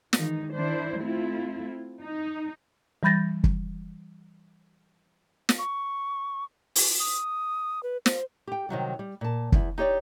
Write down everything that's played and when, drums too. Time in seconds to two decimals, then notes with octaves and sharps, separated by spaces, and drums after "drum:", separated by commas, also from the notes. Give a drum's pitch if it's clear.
0.13 D#3 E3 G#3 D#4, drum: snare
0.54 D#3 D4 E4 C5
0.99 A3 C4 E4 F4
2.01 D#4
3.03 E3 G3 B5 G6 A6 A#6
3.44 drum: kick
5.49 drum: snare
5.59 C#6
6.76 drum: open hi-hat
7.00 D#6
7.83 B4
8.06 C5, drum: snare
8.47 G4 G5
8.69 C3 D#3 F#3 G3
8.99 G3
9.21 A#2 A5
9.52 E2 E4, drum: kick
9.78 D#4 G4 C#5 D5